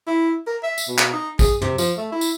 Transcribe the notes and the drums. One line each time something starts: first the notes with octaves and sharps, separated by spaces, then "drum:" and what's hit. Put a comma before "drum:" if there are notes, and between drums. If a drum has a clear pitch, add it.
E4
A#4
E5
drum: tambourine
B2
drum: clap
D#4
G#4, drum: kick, tambourine
C3, drum: tom
F3, drum: tambourine
A3
E4
drum: tambourine